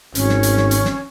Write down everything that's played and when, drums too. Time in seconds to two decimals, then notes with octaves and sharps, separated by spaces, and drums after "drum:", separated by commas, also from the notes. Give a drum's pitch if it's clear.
0.15 G#1 C#4, drum: hi-hat
0.29 drum: snare
0.43 drum: hi-hat
0.57 drum: snare
0.71 drum: hi-hat
0.85 drum: snare